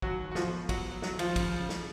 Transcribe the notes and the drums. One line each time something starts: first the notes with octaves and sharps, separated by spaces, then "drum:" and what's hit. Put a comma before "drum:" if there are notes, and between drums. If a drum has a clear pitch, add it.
D#2 F#3 F#4, drum: kick
F#3
F#4
F3 F4, drum: snare
B3
F#3 B3 F#4, drum: kick, cymbal
F#3
F#3 F#4, drum: snare
D#2
F3 F4, drum: cymbal
C#3, drum: kick, cymbal
C#3
drum: snare